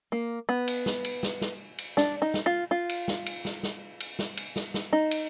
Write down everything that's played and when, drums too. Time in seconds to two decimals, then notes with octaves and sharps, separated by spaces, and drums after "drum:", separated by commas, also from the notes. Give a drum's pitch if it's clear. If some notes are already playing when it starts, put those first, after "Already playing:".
0.12 A#3
0.49 B3
0.68 drum: cymbal
0.86 drum: snare
1.05 drum: cymbal
1.23 drum: snare
1.41 drum: snare
1.78 drum: cymbal
1.97 D4, drum: snare
2.22 D#4
2.34 drum: snare
2.46 F4
2.71 F4
2.89 drum: cymbal
3.08 drum: snare
3.26 drum: cymbal
3.45 drum: snare
3.63 drum: snare
4.00 drum: cymbal
4.19 drum: snare
4.37 drum: cymbal
4.56 drum: snare
4.74 drum: snare
4.93 D#4
5.11 drum: cymbal